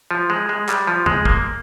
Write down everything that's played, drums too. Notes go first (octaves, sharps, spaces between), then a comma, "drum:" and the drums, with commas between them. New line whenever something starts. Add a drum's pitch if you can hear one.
F3
G#3
G#3
G3, drum: clap
F3
G#3, drum: tom
A#3, drum: kick